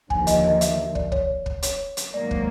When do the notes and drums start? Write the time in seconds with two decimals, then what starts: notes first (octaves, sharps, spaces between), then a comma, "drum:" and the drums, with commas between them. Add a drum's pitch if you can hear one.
0.10 D#2 D3 F3 G#5, drum: kick
0.27 D#5, drum: hi-hat
0.44 D#5
0.61 E5, drum: hi-hat
0.95 D5, drum: kick
1.12 C#5, drum: kick
1.46 drum: kick
1.63 C#5, drum: hi-hat
1.97 drum: hi-hat
2.14 G#2 D#3 F#3 A#3 D5
2.31 drum: kick